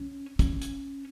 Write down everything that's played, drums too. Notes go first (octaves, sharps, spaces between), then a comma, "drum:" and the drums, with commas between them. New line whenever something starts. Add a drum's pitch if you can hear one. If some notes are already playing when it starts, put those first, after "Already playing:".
Already playing: C#4
C#4, drum: kick, hi-hat
drum: hi-hat